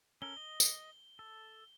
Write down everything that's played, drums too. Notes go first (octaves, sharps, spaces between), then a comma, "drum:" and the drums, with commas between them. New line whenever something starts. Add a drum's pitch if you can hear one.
C#4 A4 A#4 G7
D#5
drum: tambourine
A4